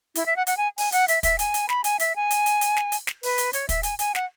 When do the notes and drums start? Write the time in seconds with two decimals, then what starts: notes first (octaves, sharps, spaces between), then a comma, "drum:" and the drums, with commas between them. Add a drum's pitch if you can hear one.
0.15 E4, drum: hi-hat
0.26 E5
0.36 F#5
0.47 F#5, drum: hi-hat
0.57 G#5
0.78 G#5, drum: open hi-hat
0.92 F#5, drum: hi-hat
1.08 E5, drum: hi-hat
1.23 E5, drum: kick, hi-hat
1.39 G#5, drum: hi-hat
1.54 drum: hi-hat
1.69 B5, drum: snare
1.84 G#5, drum: hi-hat
1.99 E5, drum: hi-hat
2.16 G#5
2.31 drum: hi-hat
2.46 drum: hi-hat
2.61 drum: hi-hat
2.76 drum: snare
2.92 drum: hi-hat
3.07 drum: snare
3.23 B4, drum: open hi-hat
3.38 drum: hi-hat
3.53 C#5, drum: hi-hat
3.69 E5, drum: kick, hi-hat
3.83 G#5, drum: hi-hat
3.99 G#5, drum: hi-hat
4.15 F#5, drum: snare